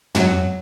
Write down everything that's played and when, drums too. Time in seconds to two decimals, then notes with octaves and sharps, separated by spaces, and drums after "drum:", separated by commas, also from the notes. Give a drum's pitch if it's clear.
0.15 F#3, drum: tom